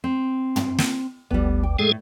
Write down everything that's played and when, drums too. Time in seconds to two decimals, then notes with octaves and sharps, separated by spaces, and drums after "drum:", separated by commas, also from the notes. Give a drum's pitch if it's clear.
0.04 C4
0.56 drum: tom
0.78 drum: snare
1.31 G1 D2 G3 B3
1.63 G5
1.79 A2 G#3 G#4 A4